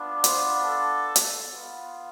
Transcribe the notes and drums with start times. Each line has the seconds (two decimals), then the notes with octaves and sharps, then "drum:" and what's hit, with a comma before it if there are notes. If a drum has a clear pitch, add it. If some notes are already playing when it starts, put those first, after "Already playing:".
Already playing: B3 D4 F4
0.24 C5, drum: hi-hat
0.65 A4
1.16 drum: hi-hat
1.47 B3 F4